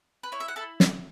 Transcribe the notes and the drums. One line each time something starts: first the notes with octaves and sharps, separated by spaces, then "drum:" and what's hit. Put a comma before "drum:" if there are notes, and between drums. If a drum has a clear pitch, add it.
B4
E4 C#5
E5
F#5
E4 A4 A5
drum: snare